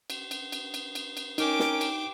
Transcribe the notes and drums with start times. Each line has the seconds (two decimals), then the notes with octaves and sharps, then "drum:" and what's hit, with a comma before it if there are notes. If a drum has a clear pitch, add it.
0.10 drum: cymbal
0.31 drum: cymbal
0.52 drum: cymbal
0.74 drum: cymbal
0.95 drum: cymbal
1.17 drum: cymbal
1.38 C#4 D#4 A#4 G5 D6, drum: cymbal
1.60 drum: snare
1.81 drum: cymbal